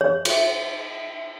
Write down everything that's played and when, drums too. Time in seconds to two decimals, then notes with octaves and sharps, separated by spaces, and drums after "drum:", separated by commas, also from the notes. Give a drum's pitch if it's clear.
0.01 C#5
0.25 drum: cymbal